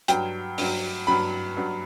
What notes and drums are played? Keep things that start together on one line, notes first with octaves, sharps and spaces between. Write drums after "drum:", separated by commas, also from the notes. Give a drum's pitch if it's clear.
G2 F#3 G5, drum: hi-hat
G2 F#3, drum: open hi-hat
G2 F#3 B5
G2 F#3